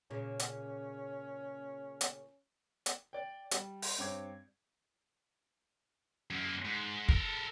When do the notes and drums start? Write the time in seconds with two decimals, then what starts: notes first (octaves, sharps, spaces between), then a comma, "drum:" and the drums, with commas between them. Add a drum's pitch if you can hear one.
0.10 A#2 C#3 C#4
0.39 drum: hi-hat
2.01 drum: hi-hat
2.86 drum: hi-hat
3.13 D5 G5
3.51 G3, drum: hi-hat
3.82 drum: open hi-hat
3.98 G2 C4 C#5 D6 G#6
6.31 F#2 A#3
6.65 G#2
7.09 A4 A#4, drum: kick